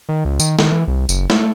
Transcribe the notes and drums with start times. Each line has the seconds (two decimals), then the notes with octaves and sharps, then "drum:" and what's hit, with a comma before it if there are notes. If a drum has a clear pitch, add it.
0.09 D#3
0.25 C#2
0.40 D#3, drum: tambourine
0.59 D#3, drum: snare
0.72 E3
0.88 C2
1.09 F#1, drum: tambourine
1.30 A3, drum: snare